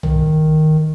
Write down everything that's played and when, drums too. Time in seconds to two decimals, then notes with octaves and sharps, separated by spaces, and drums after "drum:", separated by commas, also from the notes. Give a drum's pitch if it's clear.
0.03 D#3, drum: tom B1